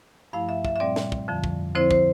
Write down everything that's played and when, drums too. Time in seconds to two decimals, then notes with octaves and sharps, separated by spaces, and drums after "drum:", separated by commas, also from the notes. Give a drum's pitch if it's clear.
0.33 G2 F3 A3 E4 F5
0.49 E5
0.65 E5, drum: kick
0.76 E5
0.80 A#2 G3 C4 D5
0.96 drum: snare
1.12 drum: kick
1.28 F2 D3 F3
1.44 drum: kick
1.75 D3 F3 C4 E4 C5
1.91 C5, drum: kick